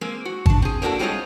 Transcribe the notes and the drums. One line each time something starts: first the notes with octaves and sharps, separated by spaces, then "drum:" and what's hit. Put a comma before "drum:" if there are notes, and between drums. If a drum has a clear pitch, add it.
G#3 A#3 C4
F#4
D4 A5, drum: kick G#1
C4 G#4
A#3 C4 D4 F4 F#4 A4
G3 G#3 C4 F4 C#5 D#5